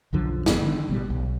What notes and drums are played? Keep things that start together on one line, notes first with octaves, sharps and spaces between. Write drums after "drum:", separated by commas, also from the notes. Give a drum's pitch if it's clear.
B1 F#2 D3 F3
G1 F2 B3, drum: snare
D3 D#3
A1 B2 G3
B1